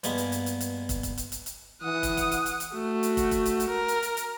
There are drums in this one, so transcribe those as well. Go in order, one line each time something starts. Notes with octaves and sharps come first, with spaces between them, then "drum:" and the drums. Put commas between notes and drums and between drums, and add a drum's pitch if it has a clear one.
G2 G#3 A#3 B3, drum: hi-hat
drum: hi-hat
drum: hi-hat
drum: hi-hat
drum: hi-hat
drum: kick, hi-hat
drum: kick, hi-hat
drum: hi-hat
drum: hi-hat
drum: hi-hat
E3 F#5 D#6
drum: kick, hi-hat
drum: kick, hi-hat
drum: hi-hat
drum: hi-hat
drum: hi-hat
A3 F#4
drum: hi-hat
drum: kick, hi-hat
drum: kick, hi-hat
drum: hi-hat
drum: hi-hat
A#4
drum: hi-hat
drum: hi-hat
drum: hi-hat